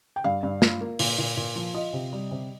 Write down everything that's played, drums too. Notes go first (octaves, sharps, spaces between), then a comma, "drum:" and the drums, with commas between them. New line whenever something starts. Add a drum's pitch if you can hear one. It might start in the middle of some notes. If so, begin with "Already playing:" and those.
G5
G2 F5
G2
F4, drum: snare
A#3
A#2, drum: open hi-hat
A#2
A#2
F3
F4 D#5
C3
G3
C3